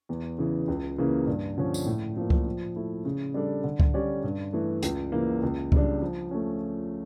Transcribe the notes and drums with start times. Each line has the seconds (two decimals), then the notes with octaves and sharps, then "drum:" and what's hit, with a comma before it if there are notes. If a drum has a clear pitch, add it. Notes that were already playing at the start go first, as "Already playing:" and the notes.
0.09 E2
0.38 C#3 E3
0.68 C#2
0.98 C#3 E3 A#3
1.27 G2
1.58 D3 F3 C#4
1.74 drum: tambourine
1.86 A2
2.16 F3 A#3
2.30 drum: kick C#2
2.46 F3
2.76 A3 E4
3.05 C#3
3.34 G3 D4 A4 D5
3.64 D3
3.80 drum: kick C#2
3.94 G3 C#4 G4 D5
4.24 G2
4.53 E3 A3
4.83 C#2, drum: hi-hat
5.12 C#3 E3 A#3
5.43 C#2
5.72 C#3 G3 D4, drum: kick C#2
6.02 F3
6.31 A3 C#4